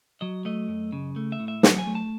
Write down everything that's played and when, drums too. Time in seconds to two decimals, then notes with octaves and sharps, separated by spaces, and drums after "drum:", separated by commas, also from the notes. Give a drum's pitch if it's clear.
0.21 F#3 D#5
0.45 A3 D#5
0.68 F#2
0.92 C#3
1.16 A3
1.32 E5
1.40 A2
1.48 E5
1.63 F#3 F#5, drum: snare
1.79 G#5
1.87 A3
1.95 A5